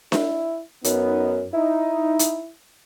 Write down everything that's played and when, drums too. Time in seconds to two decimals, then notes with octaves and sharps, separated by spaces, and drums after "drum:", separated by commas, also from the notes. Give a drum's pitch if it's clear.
0.12 E4, drum: snare D4
0.84 F#2 B3 D#4, drum: hi-hat
1.53 D#4 E4
2.19 drum: hi-hat